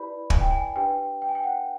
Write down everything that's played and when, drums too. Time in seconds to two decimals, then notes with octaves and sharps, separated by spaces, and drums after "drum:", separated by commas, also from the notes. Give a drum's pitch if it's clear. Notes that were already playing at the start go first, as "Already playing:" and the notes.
Already playing: E4 G4 B4 D5 B5
0.30 G#5, drum: kick
0.40 G5
0.51 G#5
0.76 D4 G4 B4 G5
1.22 G5
1.29 G#5
1.35 G5
1.44 F#5